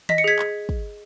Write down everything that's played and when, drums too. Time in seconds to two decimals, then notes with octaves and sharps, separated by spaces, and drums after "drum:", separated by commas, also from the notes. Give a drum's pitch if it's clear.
0.09 D#5 B6, drum: tom D#3
0.18 C#7
0.24 G#4 G#6 B6
0.39 drum: clap
0.69 drum: kick